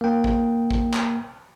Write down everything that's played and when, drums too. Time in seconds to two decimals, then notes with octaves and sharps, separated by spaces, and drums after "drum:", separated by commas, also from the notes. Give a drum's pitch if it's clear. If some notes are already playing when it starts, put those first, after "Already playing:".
0.01 A#3 G5
0.24 drum: kick
0.71 drum: kick
0.94 drum: clap